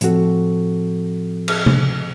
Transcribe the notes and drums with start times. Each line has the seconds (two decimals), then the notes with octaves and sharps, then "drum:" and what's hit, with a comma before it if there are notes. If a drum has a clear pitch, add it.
0.01 A2 F3 C4 F#4 A4, drum: hi-hat
1.48 drum: cymbal
1.66 drum: tom C3